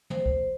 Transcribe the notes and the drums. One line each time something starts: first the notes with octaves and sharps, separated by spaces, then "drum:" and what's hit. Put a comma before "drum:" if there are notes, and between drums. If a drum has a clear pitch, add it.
C5, drum: tom
drum: kick